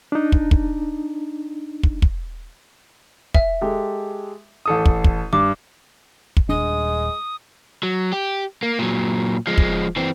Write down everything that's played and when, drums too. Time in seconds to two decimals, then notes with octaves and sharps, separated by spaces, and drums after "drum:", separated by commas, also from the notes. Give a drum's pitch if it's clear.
0.12 D4 D#4
0.32 drum: kick
0.51 drum: kick
1.83 drum: kick
2.02 drum: kick
3.34 E5, drum: kick
3.61 G#3 G4 A4
4.66 A1 A4 D#6
4.86 drum: kick
5.04 drum: kick
5.33 G2 D6
6.37 drum: kick
6.49 D#1 G#3 D4 D#6
7.83 F#3
8.13 G4
8.63 A#3
8.79 A#2 F#3
9.47 F3 G#3
9.58 drum: kick
9.96 E3 C4